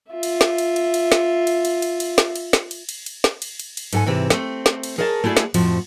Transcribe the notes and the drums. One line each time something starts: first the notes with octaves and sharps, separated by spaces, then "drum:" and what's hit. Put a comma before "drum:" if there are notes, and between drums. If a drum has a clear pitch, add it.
F4 E5
drum: cymbal
drum: snare
drum: cymbal
drum: cymbal
drum: cymbal
drum: snare
drum: cymbal
drum: cymbal
drum: cymbal
drum: cymbal
drum: snare
drum: cymbal
drum: snare
drum: cymbal
drum: cymbal
drum: cymbal
drum: snare
drum: cymbal
drum: cymbal
drum: cymbal
G#2 A4 F#5 G#5, drum: cymbal
G#2 C3 E3 C4 G4
A3 C4, drum: snare
drum: snare
drum: cymbal
G#4 A#4 C#5 D#5 E5 A5
A3 E4 F#4 G#4 D5
drum: snare
F2 A2 F3 F#4, drum: cymbal